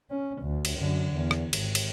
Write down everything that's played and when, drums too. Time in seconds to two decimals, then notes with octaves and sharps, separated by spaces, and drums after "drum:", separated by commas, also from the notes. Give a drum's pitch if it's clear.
0.10 C#4
0.42 D2
0.65 drum: cymbal
0.79 F#2 D3
1.15 E2
1.31 drum: rim click
1.53 G#1, drum: cymbal
1.75 drum: cymbal